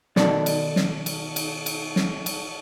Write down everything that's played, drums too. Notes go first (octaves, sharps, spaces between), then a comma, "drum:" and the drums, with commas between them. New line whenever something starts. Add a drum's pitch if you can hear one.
B2 D#3 A4 D5, drum: snare
drum: cymbal
drum: snare
drum: cymbal
drum: cymbal
drum: cymbal
drum: snare
drum: cymbal